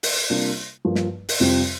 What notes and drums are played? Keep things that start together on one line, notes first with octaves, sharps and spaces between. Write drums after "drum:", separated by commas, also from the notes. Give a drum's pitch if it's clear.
drum: open hi-hat
C3 G3 A#3 D4 F4
G2 F3 A#3
drum: snare
drum: open hi-hat
F2 C3 G3 C4 F4